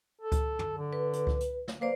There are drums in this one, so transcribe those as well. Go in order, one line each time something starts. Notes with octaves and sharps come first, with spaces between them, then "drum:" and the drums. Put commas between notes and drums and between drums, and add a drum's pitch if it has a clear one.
A4
drum: kick C#2, hi-hat
drum: tom
D3
B4
drum: hi-hat
drum: kick C#2
drum: hi-hat
drum: snare
A#3 B4 C5 D5